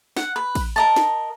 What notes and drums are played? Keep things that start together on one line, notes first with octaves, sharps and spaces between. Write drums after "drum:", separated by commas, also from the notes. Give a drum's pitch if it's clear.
F#5, drum: snare
B4
drum: kick, cymbal
A#4 D#5 A5
drum: snare